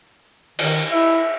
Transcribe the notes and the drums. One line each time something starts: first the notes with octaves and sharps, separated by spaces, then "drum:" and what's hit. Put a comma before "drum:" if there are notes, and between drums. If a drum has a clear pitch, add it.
D#3, drum: cymbal
E4 E5